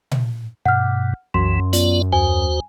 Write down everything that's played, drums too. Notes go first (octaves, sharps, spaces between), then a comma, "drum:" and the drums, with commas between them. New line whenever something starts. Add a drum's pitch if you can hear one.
drum: tom A#2
G2 B2 F#5 F6
C2 F#2 E3 C6
B3 F4 D5, drum: hi-hat
D#2 F#4 C5 G#5